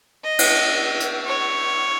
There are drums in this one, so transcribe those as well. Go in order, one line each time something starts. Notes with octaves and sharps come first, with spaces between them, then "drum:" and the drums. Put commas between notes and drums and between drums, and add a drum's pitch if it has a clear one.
D#5
drum: cymbal
drum: hi-hat
C#5